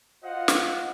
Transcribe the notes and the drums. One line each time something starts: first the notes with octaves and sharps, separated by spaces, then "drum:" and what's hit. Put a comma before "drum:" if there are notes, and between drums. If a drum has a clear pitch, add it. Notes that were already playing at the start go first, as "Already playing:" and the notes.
F4 C5 D#5 F5 F#5
drum: snare